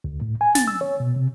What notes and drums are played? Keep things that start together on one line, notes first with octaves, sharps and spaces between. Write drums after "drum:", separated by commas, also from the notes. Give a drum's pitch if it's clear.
D2
A2
G#5
A6, drum: snare
E6
C#5
B2
C3